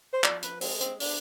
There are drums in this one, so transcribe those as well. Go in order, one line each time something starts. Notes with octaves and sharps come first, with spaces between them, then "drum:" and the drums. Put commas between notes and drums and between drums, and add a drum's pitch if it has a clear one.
C5
F3 D5, drum: clap
B4, drum: hi-hat
G#3 C4, drum: open hi-hat
C4, drum: hi-hat
B3 D4, drum: open hi-hat